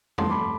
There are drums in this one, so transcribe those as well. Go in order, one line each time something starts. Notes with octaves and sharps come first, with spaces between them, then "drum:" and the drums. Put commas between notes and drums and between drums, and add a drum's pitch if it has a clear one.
A3 A5 C6, drum: tom
B5 D6